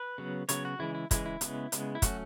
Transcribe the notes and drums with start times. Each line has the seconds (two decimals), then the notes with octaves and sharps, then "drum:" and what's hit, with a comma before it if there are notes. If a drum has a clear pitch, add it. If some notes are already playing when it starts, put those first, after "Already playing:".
Already playing: B4
0.18 C#3 F#3 B3
0.49 C#3 F#3 B3 C#5, drum: hi-hat
0.65 F#4
0.79 C#3 E3 G#3 E4
0.95 E4
1.11 C#3 E3 G#3 E4, drum: kick, hi-hat
1.26 E4
1.41 C#3 G#3 B3, drum: hi-hat
1.72 C#3 G#3 B3, drum: hi-hat
1.95 E4
2.02 F#3 A3 C#4 F#4, drum: kick, hi-hat